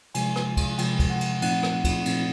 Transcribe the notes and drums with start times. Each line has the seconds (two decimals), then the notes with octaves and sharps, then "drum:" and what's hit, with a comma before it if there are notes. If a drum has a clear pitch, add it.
0.15 C3 F3 G#3 G#5, drum: cymbal
0.36 drum: rim click
0.57 drum: kick, cymbal
0.78 C3 F3 G#3 G5, drum: cymbal
0.99 drum: kick, cymbal
1.10 F#5
1.21 drum: cymbal
1.42 A#2 F3 A3 C4 D#4 F#5, drum: cymbal
1.63 drum: rim click
1.84 drum: kick, cymbal
2.05 A#2 F3 A3 C4 D#4, drum: cymbal